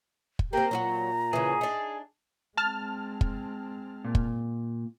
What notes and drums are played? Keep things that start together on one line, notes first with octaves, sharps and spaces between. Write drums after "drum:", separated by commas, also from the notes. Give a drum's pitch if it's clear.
drum: kick
A#3 C4 G4 A#5
A#2 F#3 F4 F#4
C#3 E3 G#4
D4 D#4
G#3 C4 A5 F6
drum: kick
A#2
drum: kick